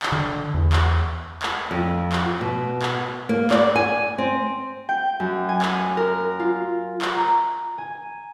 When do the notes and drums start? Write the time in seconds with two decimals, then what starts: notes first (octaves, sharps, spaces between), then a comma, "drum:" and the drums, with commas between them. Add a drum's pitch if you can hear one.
0.03 drum: clap
0.12 D3
0.54 E2
0.73 drum: clap
1.42 drum: clap
1.71 F2
2.12 drum: clap
2.41 B2
2.82 drum: clap
3.29 A#3
3.51 D5, drum: clap
3.75 G#5
4.18 C4
4.89 G5
5.20 F#2
5.49 G#5
5.62 drum: clap
5.97 A#4
6.40 F4
7.02 drum: clap
7.16 A#5
7.78 G#5